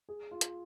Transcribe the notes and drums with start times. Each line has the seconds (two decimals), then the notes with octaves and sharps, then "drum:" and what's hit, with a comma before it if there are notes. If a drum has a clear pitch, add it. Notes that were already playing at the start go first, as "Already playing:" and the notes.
0.09 G#4
0.31 F4
0.41 drum: hi-hat